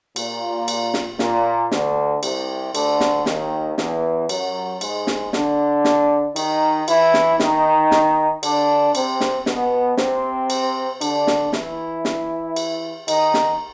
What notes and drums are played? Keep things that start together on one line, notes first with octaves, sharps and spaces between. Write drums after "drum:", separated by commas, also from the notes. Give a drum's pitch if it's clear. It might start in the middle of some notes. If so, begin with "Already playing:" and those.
A#2, drum: cymbal
drum: cymbal
drum: snare
A#2, drum: snare
D2 D3, drum: snare
C2 C3, drum: cymbal
D2 D3, drum: cymbal
drum: snare
D#2 D#3, drum: snare
E2 E3, drum: snare
F#2 F#3, drum: cymbal
G#2 G#3, drum: cymbal
drum: snare
D3 D4, drum: snare
drum: snare
D#3 D#4, drum: cymbal
E3 E4, drum: cymbal
drum: snare
D#3 D#4, drum: snare
drum: snare
D3 D4, drum: cymbal
C3 C4, drum: cymbal
drum: snare
B2 B3, drum: snare
C3 C4, drum: snare
drum: cymbal
D3 D4, drum: cymbal
drum: snare
E3 E4, drum: snare
drum: snare
drum: cymbal
D#3 D#4, drum: cymbal
drum: snare